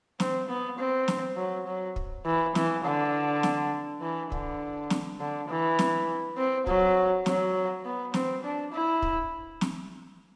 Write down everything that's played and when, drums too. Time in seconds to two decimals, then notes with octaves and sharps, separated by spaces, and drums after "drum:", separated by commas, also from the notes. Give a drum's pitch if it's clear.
0.20 C4, drum: snare
0.49 B3
0.78 C4
1.08 drum: snare
1.37 F#3
1.67 F#3
1.96 drum: kick
2.26 E3
2.55 E3, drum: snare
2.84 D3
3.43 drum: snare
4.02 E3
4.32 D3, drum: kick
4.90 drum: snare
5.20 D3
5.49 E3
5.79 drum: snare
6.37 C4
6.67 F#3, drum: kick
7.26 F#3, drum: snare
7.85 B3
8.14 C4, drum: snare
8.43 D4
8.73 E4
9.02 drum: kick
9.61 drum: snare